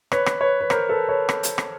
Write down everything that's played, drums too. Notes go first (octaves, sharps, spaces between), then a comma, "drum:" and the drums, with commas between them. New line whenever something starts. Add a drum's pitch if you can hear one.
B4 C#5, drum: rim click
drum: rim click
B4 C#5
B4
A#4 C5, drum: rim click
A4 B4
B4 C#5
drum: rim click
drum: hi-hat
drum: rim click